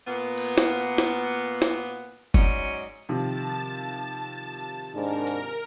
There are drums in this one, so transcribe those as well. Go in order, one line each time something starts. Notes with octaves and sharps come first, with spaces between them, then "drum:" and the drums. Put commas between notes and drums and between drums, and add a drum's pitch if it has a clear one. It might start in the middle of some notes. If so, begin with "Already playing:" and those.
A#2 A#3 B3
drum: cymbal
drum: snare
drum: snare
drum: snare
G#2 F#3 C#4 D5 D#5, drum: kick F#1
C3 D#3 F3 A5
G#2 D4 A#4
drum: hi-hat